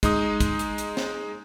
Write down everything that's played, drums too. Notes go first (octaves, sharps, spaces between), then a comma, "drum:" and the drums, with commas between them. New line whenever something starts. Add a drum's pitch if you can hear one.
G#3 D#4 D#6, drum: kick, hi-hat
drum: kick, hi-hat
drum: hi-hat
drum: hi-hat
drum: snare